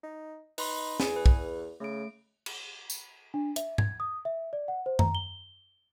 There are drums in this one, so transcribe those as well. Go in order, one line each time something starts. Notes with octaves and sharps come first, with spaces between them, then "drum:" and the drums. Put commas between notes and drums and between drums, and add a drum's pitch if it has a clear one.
D#4
D#4 B4 B5 C6, drum: open hi-hat
E2 G#4 G#5, drum: snare
B4
drum: kick
C#3 A3 D7
drum: cymbal
drum: tambourine
D4
E5, drum: hi-hat
G#6, drum: tom G#2
D#6
E5
D5
F#5
C5
A#5, drum: tom F#2
G7